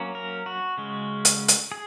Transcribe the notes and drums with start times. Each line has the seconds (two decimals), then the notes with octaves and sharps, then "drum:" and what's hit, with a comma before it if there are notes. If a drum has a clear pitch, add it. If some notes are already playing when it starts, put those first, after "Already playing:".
Already playing: F#3 A#3 C#4
0.15 A#4
0.46 F#4
0.77 C#3 G#3 C#4
1.25 drum: hi-hat
1.48 drum: hi-hat
1.72 G#4